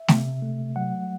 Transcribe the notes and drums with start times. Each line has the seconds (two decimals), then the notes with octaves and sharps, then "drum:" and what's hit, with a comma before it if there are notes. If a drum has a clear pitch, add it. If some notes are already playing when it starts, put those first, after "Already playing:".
Already playing: E5
0.08 C3, drum: snare A3
0.42 A3
0.76 F#3 F#5